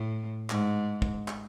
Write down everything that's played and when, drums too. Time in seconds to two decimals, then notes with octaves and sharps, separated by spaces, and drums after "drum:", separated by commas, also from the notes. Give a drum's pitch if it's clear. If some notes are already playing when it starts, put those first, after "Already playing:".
Already playing: A2
0.50 G#2, drum: clap
1.02 drum: kick
1.28 drum: clap